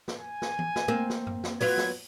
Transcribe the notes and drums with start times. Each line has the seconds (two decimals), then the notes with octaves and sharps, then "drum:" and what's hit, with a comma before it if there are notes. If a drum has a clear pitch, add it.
0.08 drum: snare
0.18 G#5
0.42 drum: snare
0.59 drum: tom E3
0.76 drum: snare
0.88 A#3 C4
1.10 drum: snare
1.27 drum: tom F#2
1.44 drum: snare
1.61 F#3 B3 F4 G#6, drum: open hi-hat
1.78 drum: snare